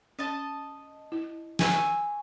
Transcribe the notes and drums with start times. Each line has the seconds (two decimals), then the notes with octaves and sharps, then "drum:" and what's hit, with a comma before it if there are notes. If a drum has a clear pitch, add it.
0.19 C#4 D#5 A5
1.12 E4
1.59 G#5 C#6 E6, drum: snare